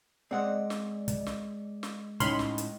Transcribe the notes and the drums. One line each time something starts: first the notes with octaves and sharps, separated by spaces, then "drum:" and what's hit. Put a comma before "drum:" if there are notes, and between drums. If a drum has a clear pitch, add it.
G#3 C4 D5 D#5 F#5
drum: snare
drum: kick, hi-hat
drum: snare
drum: snare
A2 C#4 D#4 B5 C6 F6, drum: kick, hi-hat
drum: snare
drum: hi-hat